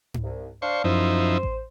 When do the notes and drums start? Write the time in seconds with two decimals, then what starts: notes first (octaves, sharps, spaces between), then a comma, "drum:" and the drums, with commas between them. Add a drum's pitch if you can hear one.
0.14 drum: tom G#2
0.23 C2
0.62 D4 C5 F5 C#6
0.84 F#2 F3 D#4 E4 C5
1.43 drum: kick A1